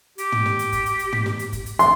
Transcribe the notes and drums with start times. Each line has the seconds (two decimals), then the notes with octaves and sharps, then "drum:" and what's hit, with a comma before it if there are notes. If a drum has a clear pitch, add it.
0.18 G4, drum: hi-hat
0.32 drum: tom
0.46 drum: snare
0.59 drum: hi-hat
0.72 drum: kick, hi-hat
0.86 drum: hi-hat
0.99 drum: hi-hat
1.12 drum: tom
1.26 drum: snare
1.39 drum: hi-hat
1.53 drum: kick, hi-hat
1.66 drum: hi-hat
1.79 C6, drum: hi-hat